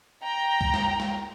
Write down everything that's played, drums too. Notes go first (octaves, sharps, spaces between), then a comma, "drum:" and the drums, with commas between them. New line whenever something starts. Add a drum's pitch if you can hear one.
G5 A#5
drum: kick C#2
drum: snare
drum: snare